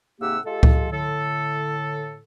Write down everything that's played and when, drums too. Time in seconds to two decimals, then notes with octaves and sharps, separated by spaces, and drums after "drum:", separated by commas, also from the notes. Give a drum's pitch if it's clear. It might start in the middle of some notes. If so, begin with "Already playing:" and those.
0.21 G#2 C3 A#3 G4 F#5 E6
0.45 G#3 F4 G4 A4
0.63 drum: kick C#2
0.90 A2 D3 A4